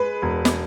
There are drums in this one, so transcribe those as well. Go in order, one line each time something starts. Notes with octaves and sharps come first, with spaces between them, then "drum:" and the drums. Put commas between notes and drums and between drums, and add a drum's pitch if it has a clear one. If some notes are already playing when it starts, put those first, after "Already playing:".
Already playing: G#3 B4
E1
drum: snare